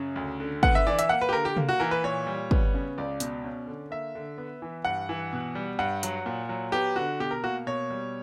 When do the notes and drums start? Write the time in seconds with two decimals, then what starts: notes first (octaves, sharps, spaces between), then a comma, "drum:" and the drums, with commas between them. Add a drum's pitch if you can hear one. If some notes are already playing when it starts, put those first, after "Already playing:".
Already playing: F#2 C#3
0.16 D2
0.40 D3
0.63 B3 F#5, drum: kick
0.75 E5
0.87 E3 D5
0.99 E5, drum: hi-hat
1.09 A#3 F#5
1.21 B4
1.29 G4
1.33 D3 A#4
1.45 G4
1.57 A#3, drum: tom C3
1.69 F#4
1.80 E3 A#4
1.91 B4
2.04 A#2 C#5
2.27 G3
2.51 B3, drum: kick
2.74 C#3
2.98 C#2 D5
3.20 B2, drum: hi-hat
3.44 C#4
3.67 D3
3.91 A#3 E5
4.15 D3
4.38 B3
4.62 E3
4.85 G2 F#5
5.09 E3
5.33 B2
5.55 G3
5.79 G2 F#5
6.03 F#3, drum: hi-hat
6.26 A#2
6.49 F#3
6.72 B3 G4
6.96 D3 F#4
7.20 B2 G4
7.31 A#4
7.44 A#3 F#4
7.67 B2 C#5
7.90 G3